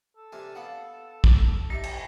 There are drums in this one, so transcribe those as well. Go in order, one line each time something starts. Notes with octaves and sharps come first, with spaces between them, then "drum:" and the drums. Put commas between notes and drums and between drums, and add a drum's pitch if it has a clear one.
A4
C3 D4 A#4 G#5
B3 D5 F5 F#5
drum: kick
D#4 G4 D5 E5
drum: cymbal